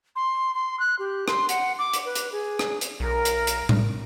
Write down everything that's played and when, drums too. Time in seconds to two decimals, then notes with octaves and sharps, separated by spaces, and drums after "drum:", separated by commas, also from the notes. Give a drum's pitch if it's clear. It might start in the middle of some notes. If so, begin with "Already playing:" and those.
0.16 C6
0.54 C6
0.80 F#6
0.99 G4
1.28 C6, drum: rim click
1.49 F#5, drum: hi-hat
1.79 D6
1.93 drum: hi-hat
2.05 B4
2.15 drum: hi-hat
2.32 G#4
2.59 drum: rim click
2.81 drum: hi-hat
3.00 B1 A#4
3.25 drum: hi-hat
3.47 drum: hi-hat
3.69 drum: tom A2